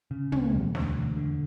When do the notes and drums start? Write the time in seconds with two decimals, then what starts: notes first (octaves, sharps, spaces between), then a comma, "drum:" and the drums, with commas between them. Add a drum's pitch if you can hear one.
0.11 C#3
0.32 C#2, drum: tom
0.53 E1
0.75 D2, drum: snare
0.95 E1
1.16 D3